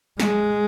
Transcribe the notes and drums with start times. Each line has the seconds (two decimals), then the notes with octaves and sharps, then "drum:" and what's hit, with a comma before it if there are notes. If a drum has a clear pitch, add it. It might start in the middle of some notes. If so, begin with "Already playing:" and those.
0.20 G#3, drum: snare